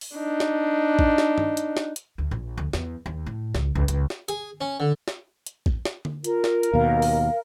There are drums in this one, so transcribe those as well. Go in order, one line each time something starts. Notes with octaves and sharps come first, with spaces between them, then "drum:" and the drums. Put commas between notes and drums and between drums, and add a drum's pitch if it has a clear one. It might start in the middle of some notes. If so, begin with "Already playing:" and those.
drum: open hi-hat
D4 D#4
drum: snare
drum: kick
drum: snare
drum: tom G2
drum: hi-hat
drum: snare
drum: hi-hat
D2
A#1
D2
E2, drum: snare
D#2
A2
C#2, drum: snare
C#2
C#2, drum: hi-hat
drum: snare
G#4, drum: hi-hat
C#4
D3
drum: snare
drum: hi-hat
drum: kick
drum: snare
drum: tom D3
F4 A#4, drum: hi-hat
drum: snare
drum: hi-hat
D#2 B2 F5
drum: open hi-hat